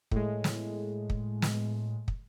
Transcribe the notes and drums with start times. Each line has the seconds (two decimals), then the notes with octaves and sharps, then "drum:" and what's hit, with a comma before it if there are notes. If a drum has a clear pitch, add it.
0.11 A2 G#3, drum: kick
0.44 drum: snare
1.10 drum: kick
1.42 drum: snare
2.08 drum: kick